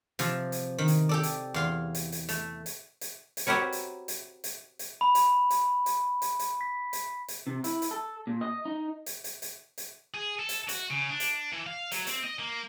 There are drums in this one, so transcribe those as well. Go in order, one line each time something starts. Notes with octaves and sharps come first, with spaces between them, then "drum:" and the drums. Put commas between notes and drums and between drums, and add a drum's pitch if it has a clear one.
C3 F3, drum: hi-hat
drum: hi-hat
D#3
drum: hi-hat
G4 A4 D5
drum: hi-hat
E2 F5 C6
drum: hi-hat
drum: hi-hat
A3, drum: hi-hat
drum: hi-hat
drum: hi-hat
drum: hi-hat
C4 F#4 G4 A#4 B4 C#5
drum: hi-hat
drum: hi-hat
drum: hi-hat
drum: hi-hat
B5
drum: hi-hat
drum: hi-hat
drum: hi-hat
drum: hi-hat
drum: hi-hat
B6
drum: hi-hat
drum: hi-hat
C3
E4, drum: hi-hat
drum: hi-hat
A4
A#2
D#5
D#4
drum: hi-hat
drum: hi-hat
drum: hi-hat
drum: hi-hat
G#4
A4
drum: hi-hat
F#4, drum: hi-hat
C#3
D4
drum: hi-hat
E3
F5
F#3, drum: hi-hat
C4, drum: hi-hat
D#5
A#3